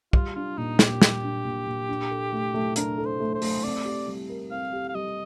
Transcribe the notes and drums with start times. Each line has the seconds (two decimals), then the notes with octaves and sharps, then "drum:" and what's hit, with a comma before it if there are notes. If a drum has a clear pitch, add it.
0.13 G3 F4, drum: kick
0.35 D4 F4
0.58 A#2 D#4
0.79 A#2 G4, drum: snare
1.02 G3, drum: snare
1.23 D4
1.45 A#2
1.66 A#2
1.89 D4
2.11 A4
2.32 A3
2.54 A3
2.76 D4 A#4, drum: hi-hat
2.98 A4
3.06 C5
3.20 A3
3.34 C5
3.42 A3, drum: open hi-hat
3.63 C4 D5
3.85 G4
4.07 G3
4.29 A#4
4.51 C4 F5
4.73 G4
4.89 F5
4.95 G3 D#5